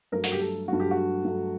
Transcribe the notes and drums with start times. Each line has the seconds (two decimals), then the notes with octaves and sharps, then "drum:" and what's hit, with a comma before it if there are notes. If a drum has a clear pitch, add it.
0.12 G2 F#3 A3 A#4
0.24 F#4, drum: open hi-hat
0.32 G4
0.40 A4
0.68 G2 F#3 A3 F#4
0.80 G4
0.91 F#4
1.24 G2 F#3 A3